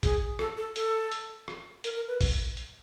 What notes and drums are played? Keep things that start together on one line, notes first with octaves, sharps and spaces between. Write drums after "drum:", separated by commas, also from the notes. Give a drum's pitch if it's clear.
G#4, drum: kick, hi-hat
A4, drum: rim click
A4
A4, drum: hi-hat
drum: hi-hat
drum: rim click
A#4, drum: hi-hat
A#4
B4
drum: kick, open hi-hat
drum: hi-hat